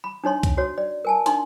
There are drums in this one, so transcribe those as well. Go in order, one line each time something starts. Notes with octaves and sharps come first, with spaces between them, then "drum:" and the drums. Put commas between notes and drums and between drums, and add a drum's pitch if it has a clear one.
B5
D4 D#4 C#5 C6
drum: kick C#2, hi-hat
F#4 C#5
D5
A#4 G#5 A5
D4 D#4 C6, drum: hi-hat